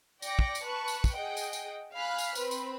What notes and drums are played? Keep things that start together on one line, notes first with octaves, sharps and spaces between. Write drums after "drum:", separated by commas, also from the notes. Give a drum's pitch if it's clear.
D5 G5 D6 A#6 C#7, drum: tambourine
drum: kick
drum: tambourine
B4 A5 C#6 F#6
drum: tambourine
drum: kick, tambourine
G#4 D#5 F#5 G5
drum: tambourine
drum: tambourine
F5 G#5 B5 F6 F#6 B6
drum: tambourine
C4 B4 B5, drum: tambourine
drum: tambourine